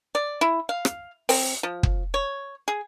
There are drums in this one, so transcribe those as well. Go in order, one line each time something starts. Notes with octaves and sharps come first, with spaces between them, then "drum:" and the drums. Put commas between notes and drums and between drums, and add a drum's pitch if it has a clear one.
D5
E4
F5
drum: rim click
C4, drum: open hi-hat
F3
drum: kick
C#5
G#4